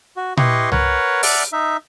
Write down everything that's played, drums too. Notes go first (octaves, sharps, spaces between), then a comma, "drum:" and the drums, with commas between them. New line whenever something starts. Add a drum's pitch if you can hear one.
F#4
E4 G4 B4 D#5 C6 C#6, drum: tom A#2
A#4 B4 C#5 F#5, drum: tom C2
D5 E5 F#5 A5 F6, drum: open hi-hat
D#4 E5